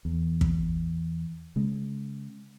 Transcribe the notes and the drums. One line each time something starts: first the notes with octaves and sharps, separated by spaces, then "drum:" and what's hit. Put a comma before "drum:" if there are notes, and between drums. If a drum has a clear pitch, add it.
E2
drum: kick
C#3 G#3